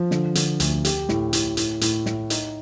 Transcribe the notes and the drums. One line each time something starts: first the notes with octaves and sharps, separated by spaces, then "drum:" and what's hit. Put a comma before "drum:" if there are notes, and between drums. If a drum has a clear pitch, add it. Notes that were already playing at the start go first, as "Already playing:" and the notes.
Already playing: F3
D3, drum: snare
D3, drum: hi-hat
D2, drum: hi-hat
G4, drum: hi-hat
A2, drum: snare
A2, drum: hi-hat
A2, drum: hi-hat
A2, drum: hi-hat
A2, drum: snare
D#4, drum: hi-hat